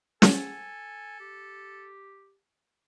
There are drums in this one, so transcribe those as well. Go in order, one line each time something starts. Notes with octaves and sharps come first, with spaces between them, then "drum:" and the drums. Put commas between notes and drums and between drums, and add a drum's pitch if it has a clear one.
A4 G#5, drum: snare
G4